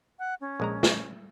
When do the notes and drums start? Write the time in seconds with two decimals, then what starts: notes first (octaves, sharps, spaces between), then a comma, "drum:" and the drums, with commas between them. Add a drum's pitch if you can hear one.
0.19 F#5
0.41 C#4
0.60 A#1 G#3 A#5
0.83 drum: snare